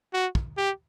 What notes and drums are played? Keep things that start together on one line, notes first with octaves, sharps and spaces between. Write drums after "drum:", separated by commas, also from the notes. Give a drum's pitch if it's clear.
F#4
drum: kick
G4